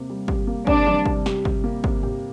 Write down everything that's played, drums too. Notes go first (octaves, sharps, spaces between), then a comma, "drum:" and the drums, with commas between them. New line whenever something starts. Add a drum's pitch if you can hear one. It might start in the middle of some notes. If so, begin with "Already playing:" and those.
Already playing: C3 A#3 G4
G3
G4, drum: kick
A#3
C3 D4, drum: kick
G3, drum: tom D#3
C3, drum: kick
G4, drum: snare
C3, drum: kick
A#3
C3, drum: kick
G4, drum: tom G2